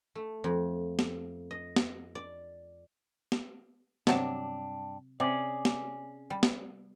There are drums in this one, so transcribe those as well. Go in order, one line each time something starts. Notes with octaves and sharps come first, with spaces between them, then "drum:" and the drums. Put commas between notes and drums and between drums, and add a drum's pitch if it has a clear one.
A3
F2
drum: snare
D#5
drum: snare
D5
drum: snare
G2 C3 F#3 D4 A5, drum: snare
C3 C#4 G#4 D5
drum: snare
G3
drum: snare